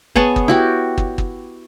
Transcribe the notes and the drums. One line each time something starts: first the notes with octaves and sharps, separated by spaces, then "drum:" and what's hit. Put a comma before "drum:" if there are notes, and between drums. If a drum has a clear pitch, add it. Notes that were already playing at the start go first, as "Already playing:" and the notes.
B3 G#4 C#5 A5, drum: kick
drum: kick
E4 F#4 G4
drum: kick
drum: kick